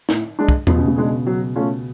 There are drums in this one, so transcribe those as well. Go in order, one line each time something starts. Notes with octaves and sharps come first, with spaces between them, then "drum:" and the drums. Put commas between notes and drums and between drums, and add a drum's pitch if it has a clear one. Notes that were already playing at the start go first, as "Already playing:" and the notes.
A2, drum: snare
G#3 D4
drum: kick
B2 F3, drum: tom E2
C#3
B2
G#3 D4 G#4
F#3
A3 C#4 F4